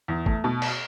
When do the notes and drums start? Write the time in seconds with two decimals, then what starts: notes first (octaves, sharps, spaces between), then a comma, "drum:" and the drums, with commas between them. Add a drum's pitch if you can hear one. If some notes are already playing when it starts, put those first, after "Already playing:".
0.08 E2
0.26 A3, drum: kick
0.44 B2
0.62 drum: cymbal